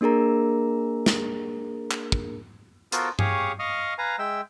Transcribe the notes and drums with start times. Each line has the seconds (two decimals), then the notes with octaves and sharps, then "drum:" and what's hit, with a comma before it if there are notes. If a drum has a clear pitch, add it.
0.01 A#3 D4 G#4 A#4 A#5
1.06 drum: snare
1.91 drum: clap
2.12 drum: kick
2.92 B3 F4 F#4 A4 A#4 C5, drum: hi-hat
3.19 G4 G#4 C#5 F5 C#6 D#6, drum: tom G2
3.59 D#5 F5 C#6 D#6 F6
3.98 B4 F5 G#5 A#5
4.19 G#3 E5 G5 E6